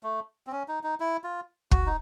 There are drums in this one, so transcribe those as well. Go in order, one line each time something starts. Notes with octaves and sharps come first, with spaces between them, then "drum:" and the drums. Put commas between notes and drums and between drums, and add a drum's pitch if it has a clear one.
A3
C4
C#4
D#4
D#4
E4
F4
F#4, drum: kick
D#4